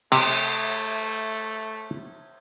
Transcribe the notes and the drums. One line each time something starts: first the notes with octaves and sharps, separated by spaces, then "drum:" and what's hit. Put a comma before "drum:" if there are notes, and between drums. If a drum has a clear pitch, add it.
C3 A3, drum: cymbal